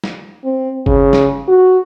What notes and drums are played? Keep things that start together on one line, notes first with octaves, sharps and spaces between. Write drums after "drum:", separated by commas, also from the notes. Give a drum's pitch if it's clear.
drum: snare
C4
C#3, drum: kick G1
drum: snare
F#4